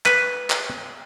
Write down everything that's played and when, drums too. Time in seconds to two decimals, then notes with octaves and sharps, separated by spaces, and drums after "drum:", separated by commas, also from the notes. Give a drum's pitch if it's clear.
0.06 B4, drum: clap
0.50 drum: clap